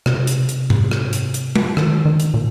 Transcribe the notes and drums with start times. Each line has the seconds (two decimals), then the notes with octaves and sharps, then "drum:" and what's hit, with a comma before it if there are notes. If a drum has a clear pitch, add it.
0.06 C3, drum: rim click
0.27 drum: hi-hat
0.49 drum: hi-hat
0.70 drum: tom G#2
0.91 drum: rim click
1.13 drum: hi-hat
1.34 drum: hi-hat
1.56 drum: tom G#3
1.77 D#3, drum: rim click
2.05 D#3
2.20 drum: hi-hat
2.34 A#2